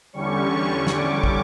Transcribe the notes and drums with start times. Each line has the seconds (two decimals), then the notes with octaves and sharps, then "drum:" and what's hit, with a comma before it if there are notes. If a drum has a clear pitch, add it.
0.13 E2 D3 G3 C#4 C#6
0.87 D6, drum: snare
1.24 drum: kick